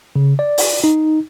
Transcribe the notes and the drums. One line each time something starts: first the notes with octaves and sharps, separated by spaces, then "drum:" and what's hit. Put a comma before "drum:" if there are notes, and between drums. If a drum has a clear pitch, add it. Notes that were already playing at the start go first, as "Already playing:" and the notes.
C#3
D5
drum: open hi-hat
D#4